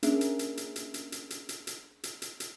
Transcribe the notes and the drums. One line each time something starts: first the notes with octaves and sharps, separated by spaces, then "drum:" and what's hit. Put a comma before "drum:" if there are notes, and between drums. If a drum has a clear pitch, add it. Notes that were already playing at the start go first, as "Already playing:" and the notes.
A#3 C#4 D4 G#4 A#4 E5, drum: hi-hat
drum: hi-hat
drum: hi-hat
drum: hi-hat
drum: hi-hat
drum: hi-hat
drum: hi-hat
drum: hi-hat
drum: hi-hat
drum: hi-hat
drum: hi-hat
drum: hi-hat
drum: hi-hat